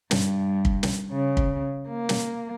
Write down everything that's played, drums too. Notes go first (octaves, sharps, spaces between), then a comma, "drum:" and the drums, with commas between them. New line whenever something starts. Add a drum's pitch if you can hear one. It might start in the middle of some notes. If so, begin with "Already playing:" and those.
G2, drum: snare
drum: kick
drum: snare
C#3
drum: kick
A#3
drum: snare